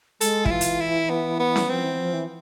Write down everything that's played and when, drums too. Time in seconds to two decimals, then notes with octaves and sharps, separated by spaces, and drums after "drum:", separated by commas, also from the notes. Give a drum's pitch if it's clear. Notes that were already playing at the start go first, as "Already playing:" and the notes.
0.21 G#3 A4, drum: hi-hat
0.46 E4, drum: kick
0.51 E3 F4
0.61 drum: hi-hat
0.81 E4
1.10 B3
1.40 B3
1.56 drum: snare C#4
1.69 F3 C4
1.84 E3
1.99 F3
2.14 E3